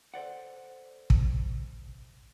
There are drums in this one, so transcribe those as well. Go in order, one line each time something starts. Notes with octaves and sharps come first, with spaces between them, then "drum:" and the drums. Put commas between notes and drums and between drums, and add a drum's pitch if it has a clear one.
A4 C5 D5 F#5
drum: kick